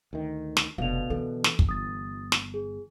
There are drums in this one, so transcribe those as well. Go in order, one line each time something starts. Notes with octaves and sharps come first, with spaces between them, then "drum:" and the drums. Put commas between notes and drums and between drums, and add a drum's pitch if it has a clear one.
D2 D#3
drum: snare
F1 B2 D3 F5 F7
E3 A4
drum: snare
drum: kick
G1 D#6 A6
drum: snare
G#4